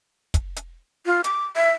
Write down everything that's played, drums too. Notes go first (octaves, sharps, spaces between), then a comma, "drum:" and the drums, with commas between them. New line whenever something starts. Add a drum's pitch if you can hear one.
drum: kick, hi-hat
drum: hi-hat
F4
D6, drum: hi-hat
E5